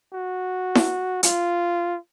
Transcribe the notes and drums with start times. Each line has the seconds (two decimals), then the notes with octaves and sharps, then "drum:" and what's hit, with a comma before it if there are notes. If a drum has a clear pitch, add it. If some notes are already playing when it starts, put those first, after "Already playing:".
0.13 F#4
0.75 drum: snare E4
1.23 F4, drum: hi-hat